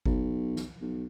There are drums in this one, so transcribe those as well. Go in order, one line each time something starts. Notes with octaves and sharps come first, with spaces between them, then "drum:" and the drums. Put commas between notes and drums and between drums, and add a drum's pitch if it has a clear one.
B1, drum: kick G1
drum: snare
B1